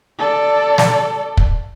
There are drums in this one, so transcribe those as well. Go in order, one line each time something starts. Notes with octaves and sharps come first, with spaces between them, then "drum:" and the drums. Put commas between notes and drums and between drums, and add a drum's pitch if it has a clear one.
A4 D5
drum: snare
drum: kick